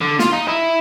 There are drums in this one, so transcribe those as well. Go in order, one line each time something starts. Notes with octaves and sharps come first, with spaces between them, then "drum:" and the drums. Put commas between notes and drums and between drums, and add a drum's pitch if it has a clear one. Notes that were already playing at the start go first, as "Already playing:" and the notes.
D3
F4, drum: snare
D#4
E4